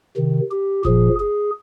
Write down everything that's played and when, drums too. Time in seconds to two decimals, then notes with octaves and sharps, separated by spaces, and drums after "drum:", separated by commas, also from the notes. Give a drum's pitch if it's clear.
0.16 C3 D#3
0.51 G4
0.85 A#2 F3 G#4, drum: kick F#1
1.19 G#4